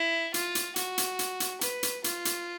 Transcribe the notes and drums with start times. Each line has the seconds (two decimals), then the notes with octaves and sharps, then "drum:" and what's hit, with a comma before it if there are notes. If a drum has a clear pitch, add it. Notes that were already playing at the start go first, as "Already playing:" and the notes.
Already playing: E4
0.34 F4, drum: hi-hat
0.55 drum: hi-hat
0.76 F#4, drum: hi-hat
0.98 drum: hi-hat
1.19 drum: hi-hat
1.40 drum: hi-hat
1.61 B4, drum: hi-hat
1.83 drum: hi-hat
2.04 F4, drum: hi-hat
2.25 drum: hi-hat